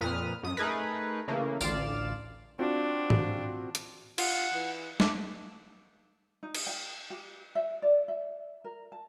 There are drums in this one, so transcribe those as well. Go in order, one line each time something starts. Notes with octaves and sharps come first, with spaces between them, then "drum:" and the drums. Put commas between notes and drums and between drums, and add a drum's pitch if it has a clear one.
F2 A#2 B4 D#6 F6
F#2 D#6
A3 D#4 G#4 A#4 B4
C#3 E3 A3 A#3
A1 D2 F4 D5 F5 E7, drum: tambourine
C4 D4 F4 F#4
drum: tom G#2
drum: hi-hat
F4 F#5, drum: cymbal
E3
A3 D6, drum: snare
D#4
drum: cymbal
G5
G4
E5
D5
E5
A#4
A5